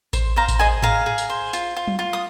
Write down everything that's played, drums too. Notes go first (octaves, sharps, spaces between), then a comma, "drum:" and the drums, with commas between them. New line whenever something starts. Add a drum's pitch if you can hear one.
C5, drum: kick A1, tambourine
C5 F5 A#5
drum: kick A1, tambourine
G#4 D#5 G#5
G#4 F5 A#5, drum: tom G#2
G#4
drum: tambourine
C5
F4, drum: tambourine
F4
drum: tom F#3
F4
D#6